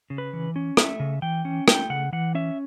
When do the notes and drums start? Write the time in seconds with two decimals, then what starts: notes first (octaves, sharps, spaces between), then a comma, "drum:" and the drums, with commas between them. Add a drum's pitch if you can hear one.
0.10 C#3
0.18 B4
0.33 E3
0.56 C#4
0.77 A3 E5, drum: rim click
1.00 C#3
1.22 E3 G5
1.45 C#4
1.68 A3 G5, drum: rim click
1.90 C#3 F#5
2.13 E3 F#5
2.35 C#4 E5